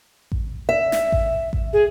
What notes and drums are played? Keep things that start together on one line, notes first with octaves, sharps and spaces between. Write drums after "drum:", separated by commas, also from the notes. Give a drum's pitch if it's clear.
drum: kick A1
E5
drum: snare
drum: kick A1
drum: kick A1
G#4